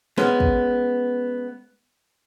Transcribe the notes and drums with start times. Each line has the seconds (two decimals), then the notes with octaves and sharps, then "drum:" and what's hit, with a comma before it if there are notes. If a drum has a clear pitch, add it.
0.18 G#3 B3 C#4, drum: snare
0.40 drum: kick